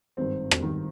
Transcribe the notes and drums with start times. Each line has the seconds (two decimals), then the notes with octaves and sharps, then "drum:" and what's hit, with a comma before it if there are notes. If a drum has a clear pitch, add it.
0.17 G#1 G2 D#3 C4
0.51 drum: rim click
0.62 G2 D#3